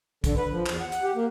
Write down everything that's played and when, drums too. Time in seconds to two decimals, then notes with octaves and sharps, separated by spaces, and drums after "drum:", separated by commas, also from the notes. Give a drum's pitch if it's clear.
0.24 D3, drum: kick, hi-hat
0.37 B4
0.50 F3
0.66 E2, drum: clap
0.81 F#5
0.92 drum: hi-hat
1.02 G4
1.15 A#3